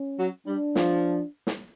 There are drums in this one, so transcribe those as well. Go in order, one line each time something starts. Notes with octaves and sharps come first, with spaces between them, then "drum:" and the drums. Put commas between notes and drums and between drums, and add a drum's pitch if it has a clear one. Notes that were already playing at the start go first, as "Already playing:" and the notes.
Already playing: C#4
F#3
G3 D4
F3, drum: snare
drum: snare